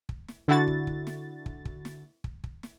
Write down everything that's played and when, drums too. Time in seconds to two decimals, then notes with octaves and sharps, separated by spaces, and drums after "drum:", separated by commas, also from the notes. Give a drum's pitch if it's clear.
0.09 drum: kick
0.28 drum: snare
0.48 D3 E4 F#4 A6
0.68 drum: kick
0.87 drum: kick
1.07 drum: snare
1.46 drum: kick
1.65 drum: kick
1.85 drum: snare
2.24 drum: kick
2.44 drum: kick
2.63 drum: snare